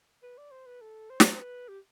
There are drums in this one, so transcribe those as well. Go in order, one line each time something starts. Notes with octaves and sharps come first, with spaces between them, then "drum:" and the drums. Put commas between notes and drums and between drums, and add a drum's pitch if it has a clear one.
B4
D5
C5
B4
A4
C5
D5, drum: snare
C5
B4
G4